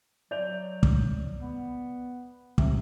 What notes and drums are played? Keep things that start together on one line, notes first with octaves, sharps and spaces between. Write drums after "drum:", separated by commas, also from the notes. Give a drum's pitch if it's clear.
F#3 D5 G6 F7
drum: kick
B3
C3, drum: kick